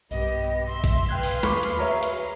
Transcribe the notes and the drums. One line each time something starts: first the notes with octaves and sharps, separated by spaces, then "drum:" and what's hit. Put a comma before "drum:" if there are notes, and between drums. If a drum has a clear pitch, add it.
B1 G2 B3 G4 D#5
E5 C6
drum: kick A#1, hi-hat
G#4 B4 F5 G5 F#6 G#6
drum: open hi-hat
D#2 B5 C#6 D6 F6, drum: snare
drum: hi-hat
F#4 A#4 C#5 E5
drum: hi-hat